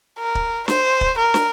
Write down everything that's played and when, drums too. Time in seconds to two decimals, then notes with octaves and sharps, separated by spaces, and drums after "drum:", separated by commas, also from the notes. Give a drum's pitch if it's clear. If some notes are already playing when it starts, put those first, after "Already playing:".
0.19 A#4
0.35 drum: kick
0.68 C5, drum: snare
1.01 drum: kick
1.18 A#4
1.34 drum: snare